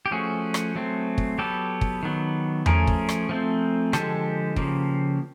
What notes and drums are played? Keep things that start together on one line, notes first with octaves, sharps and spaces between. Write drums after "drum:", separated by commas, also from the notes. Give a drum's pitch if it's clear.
G4
F3 A3 C#4 F#4 G#4
drum: rim click
F#3 A3 C4
drum: kick
F#3 B3 G4 A4
drum: kick
D#3 F#3 B3
F3 A3 C#4 G#4 A#4, drum: tom E2
drum: kick
drum: rim click
F3 A3 C4
D3 F3 G#3 G4 A4, drum: rim click
C#3 F3 A#3, drum: kick